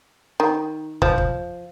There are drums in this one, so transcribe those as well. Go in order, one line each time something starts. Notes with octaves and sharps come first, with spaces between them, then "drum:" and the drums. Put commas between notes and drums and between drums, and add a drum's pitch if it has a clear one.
D#3
F3, drum: kick
drum: kick